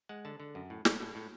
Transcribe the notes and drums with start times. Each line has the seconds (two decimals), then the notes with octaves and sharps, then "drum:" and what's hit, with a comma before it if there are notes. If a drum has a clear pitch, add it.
0.09 G#3 F#5
0.25 D3 A5
0.40 D3
0.55 F#2
0.70 A2
0.85 A2, drum: snare
1.01 A2
1.15 A2